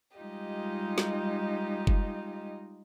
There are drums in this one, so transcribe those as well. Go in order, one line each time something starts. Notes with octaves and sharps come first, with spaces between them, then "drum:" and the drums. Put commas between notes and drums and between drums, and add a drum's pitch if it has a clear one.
G3 G#3 D#4 F4 G4 D#5
drum: snare
drum: kick F#1